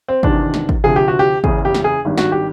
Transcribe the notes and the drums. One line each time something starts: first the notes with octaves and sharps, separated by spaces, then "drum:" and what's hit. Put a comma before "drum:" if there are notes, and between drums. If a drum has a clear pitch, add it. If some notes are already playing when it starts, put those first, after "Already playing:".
C4
E2 C3 D#3 D4, drum: kick
drum: snare
drum: kick
D2 C3 F3 G#4
G4
F#4
G4
F#1 E2 C#3 G#4, drum: kick
G4
drum: snare
G#4
G#1 G2 D#3 G3
F#4, drum: snare
G4